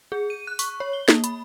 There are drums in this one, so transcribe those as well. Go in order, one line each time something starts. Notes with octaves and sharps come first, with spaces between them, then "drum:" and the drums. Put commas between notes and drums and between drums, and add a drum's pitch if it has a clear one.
G#4
D#7
F#6
C#6, drum: open hi-hat
C#5
G7
A#3, drum: snare
B5, drum: hi-hat